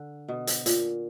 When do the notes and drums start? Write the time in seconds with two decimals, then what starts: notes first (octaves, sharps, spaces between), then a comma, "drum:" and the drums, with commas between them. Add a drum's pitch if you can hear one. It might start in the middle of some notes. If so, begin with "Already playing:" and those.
Already playing: D3
0.28 B2
0.47 drum: hi-hat
0.66 A#2, drum: hi-hat